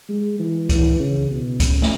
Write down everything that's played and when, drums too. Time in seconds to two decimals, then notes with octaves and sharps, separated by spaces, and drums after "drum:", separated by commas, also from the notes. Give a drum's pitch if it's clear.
0.09 G#3
0.39 E3
0.69 E3, drum: kick C#2, hi-hat
0.99 C#3
1.30 B2
1.60 C#4, drum: kick C#2, hi-hat
1.82 drum: snare